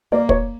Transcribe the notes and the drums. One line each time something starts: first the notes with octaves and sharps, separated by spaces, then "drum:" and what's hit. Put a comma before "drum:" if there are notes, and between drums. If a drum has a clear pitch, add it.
A#3 D5
C#5, drum: kick